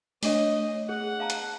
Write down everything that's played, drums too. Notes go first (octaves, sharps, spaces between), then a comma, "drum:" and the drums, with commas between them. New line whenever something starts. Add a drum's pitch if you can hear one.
A3 D4 C#5 D#5, drum: open hi-hat
G#4 F#5
F5 A5 A#5
drum: hi-hat